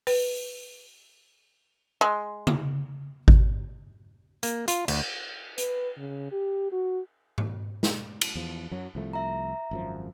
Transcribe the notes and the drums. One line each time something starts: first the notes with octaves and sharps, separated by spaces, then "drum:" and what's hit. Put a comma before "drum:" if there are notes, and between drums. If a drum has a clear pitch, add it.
B4, drum: open hi-hat
G#3
drum: tom C#3
drum: kick G#1
A#3, drum: hi-hat
F4, drum: hi-hat
D2, drum: cymbal
B4, drum: hi-hat
C#3
G4
F#4
drum: tom G#2
drum: snare
drum: cymbal
E2 F3
F#2 F#3
C2 F3 A3
E5 A#5
G#1 F#2 F3